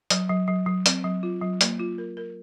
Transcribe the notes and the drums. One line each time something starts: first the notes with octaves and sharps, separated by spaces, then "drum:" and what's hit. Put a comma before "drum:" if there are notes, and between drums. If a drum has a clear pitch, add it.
F#3, drum: hi-hat
F#3
F#3
F#3
C4, drum: hi-hat
F#3
F4
F#3
A#3, drum: hi-hat
F4
A#4
A#4